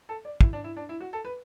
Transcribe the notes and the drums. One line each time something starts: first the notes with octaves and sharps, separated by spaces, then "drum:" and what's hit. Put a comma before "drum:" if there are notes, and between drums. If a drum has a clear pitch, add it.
A4
D5
E4, drum: kick
D4
E4
D4
E4
F#4
A4
B4